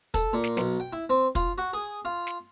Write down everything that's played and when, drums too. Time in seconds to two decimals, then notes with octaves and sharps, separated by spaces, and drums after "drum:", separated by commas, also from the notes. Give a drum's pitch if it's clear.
0.14 A4, drum: kick, hi-hat
0.33 A#2
0.44 drum: snare
0.57 B1, drum: snare
0.80 G5
0.93 E4
1.10 C4
1.35 F4, drum: kick, hi-hat
1.58 F#4
1.73 G#4
2.05 F4
2.27 drum: snare